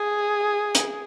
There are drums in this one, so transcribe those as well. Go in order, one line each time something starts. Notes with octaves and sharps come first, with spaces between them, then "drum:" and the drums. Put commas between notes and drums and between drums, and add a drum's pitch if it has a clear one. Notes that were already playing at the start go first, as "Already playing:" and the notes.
Already playing: G#4
drum: hi-hat